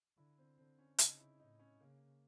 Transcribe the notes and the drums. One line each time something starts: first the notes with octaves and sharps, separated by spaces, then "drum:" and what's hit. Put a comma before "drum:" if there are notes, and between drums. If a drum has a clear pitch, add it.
D3 E4
C4
D3 C4
C#4
C#3 D#4, drum: hi-hat
E4
A2 D#4
C#4
C#3 A#3